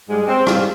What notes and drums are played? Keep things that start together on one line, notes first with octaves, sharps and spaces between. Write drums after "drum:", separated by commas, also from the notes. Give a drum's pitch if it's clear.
G#2 G3 G#3
C4
G#2 G3 F4, drum: rim click